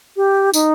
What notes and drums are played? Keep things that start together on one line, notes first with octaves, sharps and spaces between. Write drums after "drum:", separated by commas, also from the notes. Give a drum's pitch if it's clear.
G4
D#4, drum: tambourine